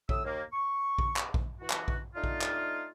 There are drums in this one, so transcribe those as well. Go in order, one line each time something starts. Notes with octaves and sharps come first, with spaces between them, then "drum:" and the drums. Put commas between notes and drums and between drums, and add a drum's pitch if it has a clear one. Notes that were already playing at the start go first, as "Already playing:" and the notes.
A2 D#6 E6, drum: kick A#1
D#2 A#3
C#6
drum: kick A#1
drum: clap
drum: kick A#1
E3 F#4
drum: clap
drum: kick A#1
A3 D4 D#4 F4
drum: kick A#1
drum: clap